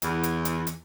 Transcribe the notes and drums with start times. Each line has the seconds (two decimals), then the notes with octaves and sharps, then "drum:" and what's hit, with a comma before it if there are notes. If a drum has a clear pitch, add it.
0.02 E2, drum: hi-hat
0.23 drum: hi-hat
0.45 drum: hi-hat
0.67 drum: hi-hat